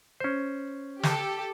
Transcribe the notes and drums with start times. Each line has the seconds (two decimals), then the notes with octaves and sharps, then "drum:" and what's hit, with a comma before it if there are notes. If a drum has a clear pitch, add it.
0.20 C#4 C5
1.03 G4 A4, drum: snare